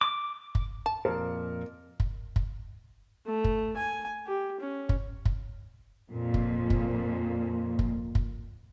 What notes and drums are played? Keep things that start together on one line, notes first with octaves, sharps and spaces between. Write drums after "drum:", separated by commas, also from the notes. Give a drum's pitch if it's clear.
D6
drum: kick
A5
F2 A#2 A#4
drum: kick
drum: kick
A3
drum: kick
G#5
G4
C#4
drum: kick
drum: kick
F2 A#2
drum: kick
drum: kick
drum: kick
drum: kick